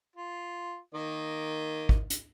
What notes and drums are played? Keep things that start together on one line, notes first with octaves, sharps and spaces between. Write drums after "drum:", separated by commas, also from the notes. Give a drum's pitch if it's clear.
F4
D#3 A#3 D#5
drum: kick G#1
drum: hi-hat